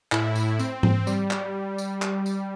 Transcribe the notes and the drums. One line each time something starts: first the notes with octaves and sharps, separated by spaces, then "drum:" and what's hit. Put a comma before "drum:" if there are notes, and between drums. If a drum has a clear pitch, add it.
A2 E4, drum: clap
A2, drum: tambourine
C4, drum: tambourine
C4, drum: tom G#2
G3, drum: tambourine
drum: clap
drum: tambourine
drum: clap
drum: tambourine